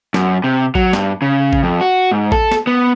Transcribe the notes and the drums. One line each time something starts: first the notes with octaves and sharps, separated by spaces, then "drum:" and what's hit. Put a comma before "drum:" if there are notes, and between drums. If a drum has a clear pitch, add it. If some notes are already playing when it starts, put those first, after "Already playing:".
F#2, drum: snare
C3
F#3, drum: kick A1
G2, drum: snare
C#3
drum: kick A1
F2
F#4
G#2
A4, drum: kick A1
drum: snare
B3